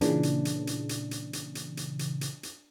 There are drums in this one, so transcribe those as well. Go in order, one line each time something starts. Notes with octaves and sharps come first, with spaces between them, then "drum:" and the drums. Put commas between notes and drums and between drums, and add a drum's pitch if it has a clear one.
A#2 C#3 E3 D4, drum: hi-hat
drum: hi-hat
drum: hi-hat
drum: hi-hat
drum: hi-hat
drum: hi-hat
drum: hi-hat
drum: hi-hat
drum: hi-hat
drum: hi-hat
drum: hi-hat
drum: hi-hat